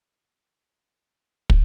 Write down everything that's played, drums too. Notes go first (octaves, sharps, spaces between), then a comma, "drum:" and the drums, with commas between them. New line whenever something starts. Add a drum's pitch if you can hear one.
D#3 E3 A#3
D3
drum: kick